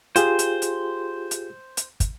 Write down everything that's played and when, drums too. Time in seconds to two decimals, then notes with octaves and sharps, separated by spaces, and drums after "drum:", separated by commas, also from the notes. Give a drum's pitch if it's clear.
0.16 F4 G4 G#4 C5, drum: hi-hat
0.39 drum: hi-hat
0.62 drum: hi-hat
1.31 drum: hi-hat
1.77 drum: hi-hat
2.00 drum: kick, hi-hat